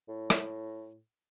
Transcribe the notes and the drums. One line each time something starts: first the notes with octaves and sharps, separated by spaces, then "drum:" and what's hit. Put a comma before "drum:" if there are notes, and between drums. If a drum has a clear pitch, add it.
A2
drum: rim click